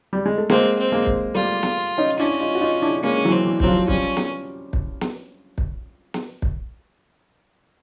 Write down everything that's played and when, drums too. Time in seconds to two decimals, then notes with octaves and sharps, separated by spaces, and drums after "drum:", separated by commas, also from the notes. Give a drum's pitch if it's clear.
0.13 G3
0.26 G#3
0.38 A3
0.50 G#3 A#3 C4, drum: snare
0.79 C4
0.92 G#3 A#3
1.06 drum: kick
1.34 G3 A3 F4
1.63 drum: snare
1.98 C#4 D#4
2.19 C#4 D4 E4
2.40 D#4 F4
2.55 F#4
2.61 D#4 F4
2.82 D4 E4
3.03 G#3 A#3 C#4
3.25 E3 F#3
3.32 C4
3.46 E3
3.60 F#3 C4, drum: kick
3.67 F3
3.88 F3 G3 C#4, drum: kick
4.17 drum: snare
4.73 drum: kick
5.01 drum: snare
5.58 drum: kick
6.14 drum: snare
6.42 drum: kick